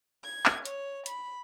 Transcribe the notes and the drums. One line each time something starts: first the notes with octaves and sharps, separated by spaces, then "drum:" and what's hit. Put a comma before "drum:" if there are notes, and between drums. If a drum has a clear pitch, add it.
G#6
drum: clap
C#5, drum: hi-hat
B5, drum: hi-hat